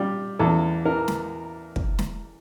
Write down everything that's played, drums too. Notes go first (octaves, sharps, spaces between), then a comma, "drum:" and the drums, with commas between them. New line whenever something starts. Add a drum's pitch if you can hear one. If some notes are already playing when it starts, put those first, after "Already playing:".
Already playing: G3 F4 G4
E2 A4
E3 A#4
drum: snare
drum: kick
drum: snare